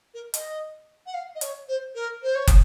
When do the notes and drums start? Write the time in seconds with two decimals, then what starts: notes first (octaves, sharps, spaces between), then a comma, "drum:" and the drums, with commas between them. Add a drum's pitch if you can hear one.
0.14 A#4
0.34 D#5, drum: hi-hat
1.06 F#5
1.13 F5
1.35 D#5
1.41 C#5, drum: hi-hat
1.68 C5
1.95 A#4
2.22 C5
2.35 C#5
2.47 drum: kick, hi-hat